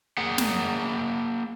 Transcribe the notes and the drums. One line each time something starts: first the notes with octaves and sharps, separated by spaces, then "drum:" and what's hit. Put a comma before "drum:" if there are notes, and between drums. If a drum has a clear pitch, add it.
A#3 G#4 F#5
drum: snare